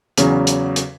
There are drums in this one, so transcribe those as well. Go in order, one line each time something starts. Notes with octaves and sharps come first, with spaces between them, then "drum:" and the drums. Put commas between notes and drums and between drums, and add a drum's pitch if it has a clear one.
E2 C#3 F#3 C#4, drum: hi-hat
drum: hi-hat
drum: hi-hat